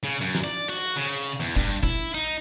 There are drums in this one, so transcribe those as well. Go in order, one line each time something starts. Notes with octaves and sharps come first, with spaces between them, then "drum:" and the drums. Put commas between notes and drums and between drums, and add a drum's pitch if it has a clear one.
C#3
F#2
drum: snare
D5
F#4, drum: open hi-hat
C#3
E2
G2, drum: kick
E4, drum: kick
D#4